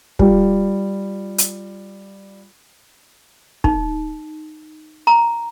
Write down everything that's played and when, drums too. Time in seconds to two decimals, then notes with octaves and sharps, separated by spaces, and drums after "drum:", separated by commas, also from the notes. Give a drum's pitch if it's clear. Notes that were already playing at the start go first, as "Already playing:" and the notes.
0.19 G3 F4, drum: kick
1.38 drum: hi-hat
3.64 D#4, drum: kick
5.07 A#5